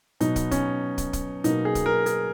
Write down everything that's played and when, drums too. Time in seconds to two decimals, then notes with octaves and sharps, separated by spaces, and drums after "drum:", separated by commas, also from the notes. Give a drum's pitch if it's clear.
0.20 B2 F#3 B3 D#4, drum: hi-hat
0.36 drum: kick, hi-hat
0.51 C#4, drum: kick, hi-hat
0.98 drum: kick, hi-hat
1.13 drum: kick, hi-hat
1.44 B2 F#3 A#3 D#4, drum: hi-hat
1.65 G#4
1.75 drum: kick, hi-hat
1.86 A#4
2.06 G#4, drum: hi-hat